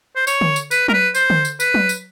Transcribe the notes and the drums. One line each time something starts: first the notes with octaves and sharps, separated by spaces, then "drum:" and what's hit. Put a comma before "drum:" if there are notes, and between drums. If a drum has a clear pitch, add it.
C5
C#5, drum: tambourine
drum: tom D3
drum: tambourine
B4, drum: tambourine
A#4, drum: tom F#3
B4
C5, drum: tambourine
drum: tom D3
drum: tambourine
B4, drum: tambourine
drum: tom F#3
drum: tambourine